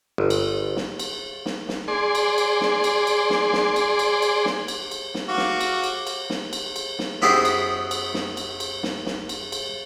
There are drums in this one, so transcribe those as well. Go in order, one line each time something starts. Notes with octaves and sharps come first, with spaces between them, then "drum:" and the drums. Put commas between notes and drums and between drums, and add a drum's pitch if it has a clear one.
G1
drum: cymbal
drum: snare
drum: cymbal
drum: snare
drum: snare
G#4 D5 C6
drum: cymbal
drum: cymbal
drum: snare
drum: cymbal
drum: cymbal
drum: snare
drum: snare
drum: cymbal
drum: cymbal
drum: cymbal
drum: snare
drum: cymbal
drum: cymbal
drum: snare
F#4 F5 D6
drum: snare
drum: cymbal
drum: cymbal
drum: cymbal
drum: snare
drum: cymbal
drum: cymbal
drum: snare
F#2 B3 E4 G4 G#4 C5, drum: snare
drum: cymbal
drum: cymbal
drum: snare
drum: cymbal
drum: cymbal
drum: snare
drum: snare
drum: cymbal
drum: cymbal